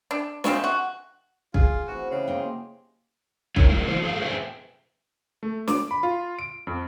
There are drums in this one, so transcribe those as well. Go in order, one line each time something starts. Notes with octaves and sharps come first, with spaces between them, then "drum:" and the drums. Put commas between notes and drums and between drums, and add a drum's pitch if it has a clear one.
D4
F3 G#3 A3 C4, drum: snare
F#4
F4 G#4, drum: kick
C3 E3 A3 F#4
C#3 G4 G#4 F5
F#3 G#3 A#3 G5 G#5
D#4 E4 G4 A#4 C#5 E5, drum: kick
F3 G#3 A#3
E3 E4 C5
G#4 A4 F5
G#4 B4 C5 E5 G5 G#5
A3
D6, drum: snare
B5
F4
D7
F2